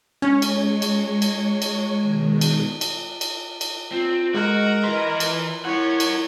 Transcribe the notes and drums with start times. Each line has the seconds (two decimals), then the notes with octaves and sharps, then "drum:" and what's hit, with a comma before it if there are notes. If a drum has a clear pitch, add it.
0.22 G#3 C#4 C#5
0.42 drum: cymbal
0.82 drum: cymbal
1.22 drum: cymbal
1.62 drum: cymbal
1.98 B2 D#3 G#3
2.41 drum: cymbal
2.81 drum: cymbal
3.21 drum: cymbal
3.61 drum: cymbal
3.92 C4 F4
4.34 G#3 F#4 A#4 D#5 A#5 F#6
4.84 E3 B4 C6
5.20 drum: cymbal
5.65 E4 A#4 C#5 F#5
6.00 drum: cymbal